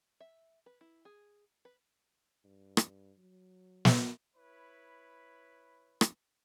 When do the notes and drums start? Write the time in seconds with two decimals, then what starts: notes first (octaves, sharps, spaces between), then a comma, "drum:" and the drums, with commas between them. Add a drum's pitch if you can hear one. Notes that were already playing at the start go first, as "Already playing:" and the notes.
0.21 E5
0.66 B4
0.81 E4
1.05 G#4
1.65 B4
2.44 G2
2.77 drum: rim click
3.18 F#3
3.85 drum: snare
4.36 E4 B4 C#5 B5
6.01 drum: rim click